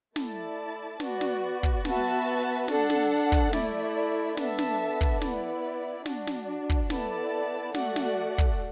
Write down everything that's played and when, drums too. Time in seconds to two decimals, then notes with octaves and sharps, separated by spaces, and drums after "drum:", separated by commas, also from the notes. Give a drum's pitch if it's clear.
0.16 A3 E4 D5 A5, drum: snare
1.00 B3 F#4 D5, drum: snare
1.21 drum: snare
1.63 drum: kick
1.85 B3 F#4 B4 E5 A5, drum: snare
2.68 D4 A4 F#5 A5, drum: snare
2.90 drum: snare
3.32 drum: kick
3.53 A3 E4 D5, drum: snare
4.37 B3 D4 A4 E5 A5, drum: snare
4.59 drum: snare
5.01 drum: kick
5.22 B3 E4 D5, drum: snare
6.06 D4 F#4 D5, drum: snare
6.27 drum: snare
6.69 drum: kick
6.90 B3 E4 A4 D5 A5, drum: snare
7.74 A3 F#4 D5 F#5, drum: snare
7.96 drum: snare
8.38 drum: kick